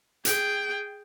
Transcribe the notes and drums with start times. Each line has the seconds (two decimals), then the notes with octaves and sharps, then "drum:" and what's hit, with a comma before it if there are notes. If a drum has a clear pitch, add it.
0.25 G#4 G5, drum: hi-hat